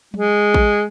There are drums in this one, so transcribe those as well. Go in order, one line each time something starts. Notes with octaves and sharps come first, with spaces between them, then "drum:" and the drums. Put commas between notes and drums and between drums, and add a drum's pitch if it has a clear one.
G#3, drum: tom F#3
drum: kick A1